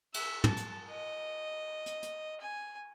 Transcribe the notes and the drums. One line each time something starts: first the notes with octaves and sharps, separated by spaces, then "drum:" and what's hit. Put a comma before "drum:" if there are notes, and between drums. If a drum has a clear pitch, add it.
E5, drum: cymbal
A5, drum: tom
drum: hi-hat
D#5
drum: hi-hat
drum: hi-hat
G#5